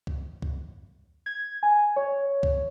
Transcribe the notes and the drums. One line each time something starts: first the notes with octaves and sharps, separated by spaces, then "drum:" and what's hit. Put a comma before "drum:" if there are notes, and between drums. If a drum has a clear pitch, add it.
drum: kick
drum: kick
G#6
G#5
C#5
drum: kick